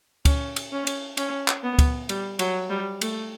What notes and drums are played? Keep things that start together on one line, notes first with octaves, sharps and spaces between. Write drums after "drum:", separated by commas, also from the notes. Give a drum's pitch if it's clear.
C#4, drum: kick C#2, cymbal
drum: cymbal
C#4
drum: cymbal
C#4, drum: cymbal
drum: clap
B3
drum: kick C#2, cymbal
G3, drum: cymbal
F#3, drum: cymbal
G3
A3, drum: cymbal